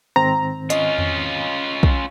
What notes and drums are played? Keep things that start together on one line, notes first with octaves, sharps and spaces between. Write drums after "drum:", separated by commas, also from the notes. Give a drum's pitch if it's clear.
G#2 D#3 C4 A#5
C#4 F4 D#5, drum: hi-hat
drum: tom E2
drum: kick B1